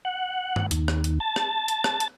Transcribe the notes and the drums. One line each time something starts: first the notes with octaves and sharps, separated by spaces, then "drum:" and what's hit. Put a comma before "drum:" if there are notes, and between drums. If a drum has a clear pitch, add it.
F#5
drum: tom G2
D#2, drum: hi-hat
drum: rim click
drum: hi-hat
A5
drum: rim click
drum: hi-hat
drum: rim click
drum: hi-hat